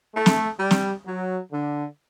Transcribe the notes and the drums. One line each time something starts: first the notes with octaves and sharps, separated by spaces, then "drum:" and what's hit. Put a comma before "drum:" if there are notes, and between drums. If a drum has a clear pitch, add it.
A3
drum: snare
G3
drum: snare
F#3
D3